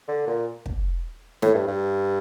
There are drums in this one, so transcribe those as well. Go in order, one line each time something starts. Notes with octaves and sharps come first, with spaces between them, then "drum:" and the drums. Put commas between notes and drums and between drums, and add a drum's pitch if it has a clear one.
D3
A#2
drum: kick
A2, drum: snare
G2
G2